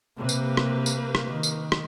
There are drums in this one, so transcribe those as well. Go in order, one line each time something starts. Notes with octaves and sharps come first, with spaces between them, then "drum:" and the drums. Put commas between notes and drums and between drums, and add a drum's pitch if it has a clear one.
C3 A#3 G4 B4
drum: tambourine
drum: rim click
drum: tambourine
drum: rim click
D#3
drum: tambourine
drum: rim click